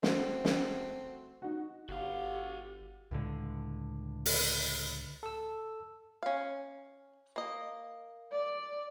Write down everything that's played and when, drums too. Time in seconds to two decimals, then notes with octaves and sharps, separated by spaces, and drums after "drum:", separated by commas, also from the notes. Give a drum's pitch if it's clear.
0.03 A3 C4 F#4, drum: snare
0.45 drum: snare
1.42 D#4 F#4
1.89 G1 F#4 G4 F5 F#5
3.11 C#2 A2 D3 G#3
4.26 drum: open hi-hat
5.23 A4 E6
6.23 C#4 F5
7.36 A#3 D#5
8.32 D5